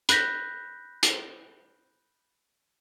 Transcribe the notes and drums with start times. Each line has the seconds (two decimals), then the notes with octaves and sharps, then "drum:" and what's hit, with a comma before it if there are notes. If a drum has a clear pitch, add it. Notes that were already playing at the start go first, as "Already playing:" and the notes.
0.09 B5 F#6 G6 A#6 B6, drum: hi-hat
1.03 drum: hi-hat